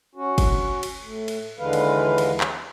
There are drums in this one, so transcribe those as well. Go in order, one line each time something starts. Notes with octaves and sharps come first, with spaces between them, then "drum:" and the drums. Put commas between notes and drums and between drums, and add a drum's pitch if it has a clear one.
C#4 F#4
drum: kick, cymbal
drum: cymbal
A2
drum: cymbal
D#2 D3 E3 G#3 B4 F5
drum: cymbal
drum: cymbal
drum: clap